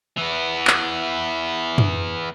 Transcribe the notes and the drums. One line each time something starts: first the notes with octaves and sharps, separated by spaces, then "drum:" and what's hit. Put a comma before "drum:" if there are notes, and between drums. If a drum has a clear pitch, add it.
E3 B3
drum: clap
drum: tom